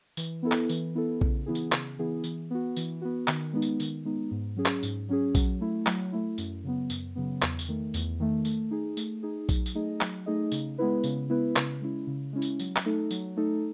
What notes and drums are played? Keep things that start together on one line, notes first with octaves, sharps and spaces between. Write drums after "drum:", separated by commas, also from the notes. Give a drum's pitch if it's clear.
E3, drum: tambourine
B3 E4 A4
drum: clap
E3, drum: tambourine
B3 E4 A4
C#3, drum: kick A#1
E3 B3 E4 G#4
drum: tambourine
C#3, drum: clap
E3 B3 E4 G#4
E3, drum: tambourine
B3 F#4
E3, drum: tambourine
B3 F#4
D#3, drum: clap
G#3 B3 D#4
drum: tambourine
D#3, drum: tambourine
G#3 B3 D#4
G#2
F#3 C#4 G#4
drum: clap
G#2, drum: tambourine
F#3 C#4 G#4
F#3, drum: kick A#1, tambourine
A3 E4
F#3, drum: clap
A3 E4
F#2, drum: tambourine
C#3 F#3 B3
F#2, drum: tambourine
C#3 F#3 B3
E2, drum: clap
drum: tambourine
D#3 A3
E2, drum: tambourine
D#3 A3
A3, drum: tambourine
D#4 G#4
A3, drum: tambourine
D#4 G#4
F#3, drum: kick A#1, tambourine
drum: tambourine
A3 D#4 G#4 D#5
F#3, drum: clap
A3 D#4 G#4 D#5
C#3, drum: tambourine
G#3 B3 E4 B4
C#3, drum: tambourine
G#3 B3 E4 B4
C#3, drum: clap
G#3 C#4 E4
C#3
G#3 C#4 E4
drum: tambourine
F#3, drum: tambourine
drum: clap
A3 D#4 A4
F#3, drum: tambourine
A3 D#4 A4